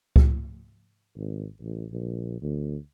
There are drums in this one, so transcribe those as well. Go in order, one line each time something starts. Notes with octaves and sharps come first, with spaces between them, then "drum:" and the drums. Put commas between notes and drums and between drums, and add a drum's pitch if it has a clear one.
drum: kick C#2
G#1
A1
A#1
D2